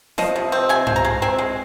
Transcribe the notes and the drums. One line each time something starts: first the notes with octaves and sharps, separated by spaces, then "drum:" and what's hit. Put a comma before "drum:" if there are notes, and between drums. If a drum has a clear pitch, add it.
F3 D#5, drum: snare
C3
C4
C3 G#5
F3, drum: tom G2
A#5
G#3
C4 G#5
G#3